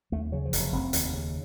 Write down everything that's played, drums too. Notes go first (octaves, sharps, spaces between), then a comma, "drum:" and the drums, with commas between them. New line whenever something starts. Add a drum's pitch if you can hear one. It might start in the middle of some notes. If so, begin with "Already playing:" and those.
D#2 A3
C#3 F#3
F3
F1, drum: hi-hat
F#3
F1 C4
D#2, drum: hi-hat
C#3